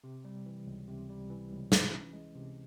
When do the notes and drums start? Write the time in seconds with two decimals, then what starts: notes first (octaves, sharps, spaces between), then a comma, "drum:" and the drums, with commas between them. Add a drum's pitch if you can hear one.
0.04 C3
0.25 G3
0.46 E3
0.67 C#2
0.88 C3
1.09 G3
1.30 E3
1.51 C#2
1.72 E3, drum: snare
1.92 C#4
2.13 G#3
2.35 C3